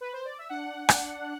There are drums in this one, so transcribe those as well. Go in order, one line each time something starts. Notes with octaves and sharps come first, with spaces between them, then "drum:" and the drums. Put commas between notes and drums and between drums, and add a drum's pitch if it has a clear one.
B4
C5
D5
E5
D4 F#5
D4, drum: rim click